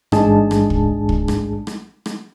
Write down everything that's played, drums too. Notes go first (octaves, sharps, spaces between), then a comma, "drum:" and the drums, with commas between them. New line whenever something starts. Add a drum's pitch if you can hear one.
A1 G#2 G#3 D4 G#4 A5, drum: rim click
drum: rim click
drum: kick
drum: kick
drum: rim click
drum: rim click
drum: rim click